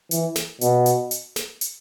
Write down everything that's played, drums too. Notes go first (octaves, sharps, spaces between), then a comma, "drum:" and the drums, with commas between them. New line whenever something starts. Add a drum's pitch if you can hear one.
E3, drum: hi-hat
drum: snare
B2, drum: hi-hat
drum: hi-hat
drum: hi-hat
drum: snare
drum: hi-hat